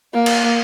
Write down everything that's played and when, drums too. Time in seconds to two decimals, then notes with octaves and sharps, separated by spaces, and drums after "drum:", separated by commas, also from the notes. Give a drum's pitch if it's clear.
0.14 A#3
0.26 drum: cymbal